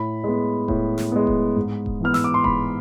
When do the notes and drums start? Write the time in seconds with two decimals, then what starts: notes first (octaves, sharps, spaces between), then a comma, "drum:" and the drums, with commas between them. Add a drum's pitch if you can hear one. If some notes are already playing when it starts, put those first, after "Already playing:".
Already playing: A2 B5
0.24 G#3 B3
0.68 A2, drum: kick D#1
0.98 drum: snare
1.12 G#3 B3
1.27 drum: kick D#1
1.56 G#2
1.86 drum: kick D#1
2.00 E3 B3 F6
2.14 E6, drum: snare
2.24 D6
2.34 C6
2.44 G#2 B5, drum: kick D#1